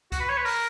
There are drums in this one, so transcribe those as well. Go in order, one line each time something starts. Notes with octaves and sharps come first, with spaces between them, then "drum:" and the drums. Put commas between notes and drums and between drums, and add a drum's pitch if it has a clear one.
F#4, drum: kick C#2, hi-hat
B4
C#5
B4
A#4, drum: open hi-hat